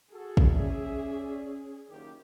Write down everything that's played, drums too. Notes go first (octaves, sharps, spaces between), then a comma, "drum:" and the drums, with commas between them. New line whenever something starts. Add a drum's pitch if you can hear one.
F#4 G#4 A4
drum: kick
C#4 D5 E5
F#1 D#3 G4